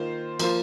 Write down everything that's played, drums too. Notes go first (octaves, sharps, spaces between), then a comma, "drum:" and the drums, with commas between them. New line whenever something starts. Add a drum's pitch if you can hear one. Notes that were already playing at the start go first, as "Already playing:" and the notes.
Already playing: D#3 A#3 F4 C5
F3 A#3 F4 C5, drum: cymbal